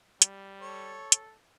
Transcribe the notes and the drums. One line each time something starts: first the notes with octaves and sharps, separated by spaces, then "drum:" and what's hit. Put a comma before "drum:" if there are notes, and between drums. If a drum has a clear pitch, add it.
G3, drum: hi-hat
A4 C#5
drum: hi-hat